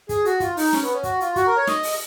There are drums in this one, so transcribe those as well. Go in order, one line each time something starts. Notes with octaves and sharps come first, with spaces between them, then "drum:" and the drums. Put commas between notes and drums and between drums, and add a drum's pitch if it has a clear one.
G#4, drum: kick, hi-hat
F#4, drum: hi-hat
F4, drum: kick, hi-hat
D#4, drum: open hi-hat
C#4, drum: snare
B3
C#4
F#4, drum: kick, hi-hat
F4, drum: hi-hat
F#4, drum: kick, hi-hat
A#4
C#5
D#5, drum: snare
drum: open hi-hat